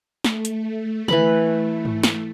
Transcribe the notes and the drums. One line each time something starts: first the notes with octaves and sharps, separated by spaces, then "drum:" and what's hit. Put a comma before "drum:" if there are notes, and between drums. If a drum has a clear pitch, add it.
A3, drum: snare
drum: hi-hat
E3 B4 B5, drum: tom D3
drum: tom G#2
drum: snare